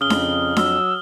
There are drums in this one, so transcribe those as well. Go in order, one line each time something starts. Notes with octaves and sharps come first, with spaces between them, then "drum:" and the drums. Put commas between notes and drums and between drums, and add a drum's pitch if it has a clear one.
F2 C#3 D#6 F6 G7
drum: snare D4
F#3 E6, drum: snare D4